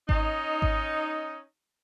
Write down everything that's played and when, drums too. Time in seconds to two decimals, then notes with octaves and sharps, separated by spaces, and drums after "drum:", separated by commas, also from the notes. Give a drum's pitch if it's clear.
0.09 C#4 D#4, drum: kick G#1
0.62 drum: kick G#1